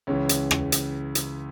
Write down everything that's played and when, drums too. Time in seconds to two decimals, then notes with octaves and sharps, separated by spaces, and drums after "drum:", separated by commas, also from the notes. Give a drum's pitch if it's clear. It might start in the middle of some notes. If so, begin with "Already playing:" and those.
0.07 C#2 C#3 E3 C#5
0.29 drum: hi-hat
0.51 drum: rim click
0.72 drum: hi-hat
1.15 drum: hi-hat